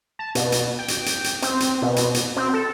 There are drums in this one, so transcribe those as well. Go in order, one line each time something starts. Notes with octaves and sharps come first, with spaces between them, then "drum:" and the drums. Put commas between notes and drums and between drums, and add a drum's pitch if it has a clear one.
A5
B2, drum: hi-hat
drum: hi-hat
G5
drum: hi-hat
drum: hi-hat
drum: hi-hat
C4, drum: hi-hat
drum: hi-hat
B2
drum: hi-hat
drum: hi-hat
C4
A4